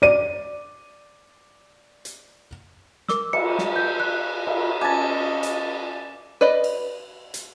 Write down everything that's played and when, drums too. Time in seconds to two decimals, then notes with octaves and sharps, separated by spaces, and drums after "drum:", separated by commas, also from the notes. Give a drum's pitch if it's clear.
0.02 D5 D#7
2.05 drum: hi-hat
3.09 A#4 D6 E6, drum: snare
3.33 C#7, drum: cymbal
3.58 drum: snare
3.76 G6
4.00 F#6
4.47 drum: cymbal
4.81 C#4 D#5 G#5 A5 D6
5.43 drum: hi-hat
6.41 B4 D5 D#5
6.64 drum: cymbal
7.34 drum: hi-hat